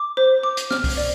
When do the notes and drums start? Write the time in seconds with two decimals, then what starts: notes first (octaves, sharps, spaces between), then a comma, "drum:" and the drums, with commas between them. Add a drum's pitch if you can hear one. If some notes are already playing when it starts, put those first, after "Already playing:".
Already playing: D6
0.17 C5
0.43 D6
0.57 drum: hi-hat
0.71 F6, drum: snare
0.84 drum: kick C2, open hi-hat
0.97 D5